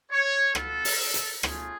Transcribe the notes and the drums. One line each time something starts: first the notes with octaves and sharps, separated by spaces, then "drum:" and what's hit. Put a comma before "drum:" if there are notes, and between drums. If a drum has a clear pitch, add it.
C#5
B3 F4 A4, drum: rim click
drum: open hi-hat
drum: hi-hat
A3 C#4 F4 G#4, drum: rim click